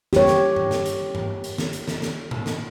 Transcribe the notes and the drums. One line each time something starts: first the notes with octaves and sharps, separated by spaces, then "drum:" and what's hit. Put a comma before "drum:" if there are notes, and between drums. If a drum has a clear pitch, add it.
G4 C#5, drum: snare
drum: snare
drum: tom G2
drum: snare
drum: hi-hat
drum: tom G2
drum: hi-hat
drum: snare
drum: hi-hat
drum: snare
drum: snare
drum: tom A#2
drum: snare